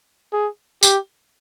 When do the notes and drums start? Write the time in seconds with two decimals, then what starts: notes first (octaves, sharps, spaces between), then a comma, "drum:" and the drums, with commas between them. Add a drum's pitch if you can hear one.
0.33 G#4
0.83 G4, drum: tambourine